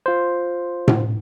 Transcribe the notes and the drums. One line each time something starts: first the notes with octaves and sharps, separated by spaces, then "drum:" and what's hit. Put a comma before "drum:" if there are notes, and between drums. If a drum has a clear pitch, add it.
F4 C5
drum: tom A2